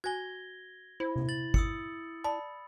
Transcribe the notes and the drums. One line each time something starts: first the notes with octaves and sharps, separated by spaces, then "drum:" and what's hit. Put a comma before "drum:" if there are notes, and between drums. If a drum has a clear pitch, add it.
F#4 G#5 G#6 A#6 G7
E4 C5
drum: tom C3
A6 F#7
D#6 E6 C#7, drum: kick
D5 A5 B5